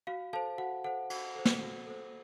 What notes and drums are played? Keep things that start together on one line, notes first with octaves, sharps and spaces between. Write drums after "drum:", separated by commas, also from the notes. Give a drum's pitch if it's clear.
F#4 F5
A4 C5 F5 A5
F#4 F#5
A4 C5 F#5
F#4, drum: cymbal
A4 C5
drum: snare
F#4
A4 C5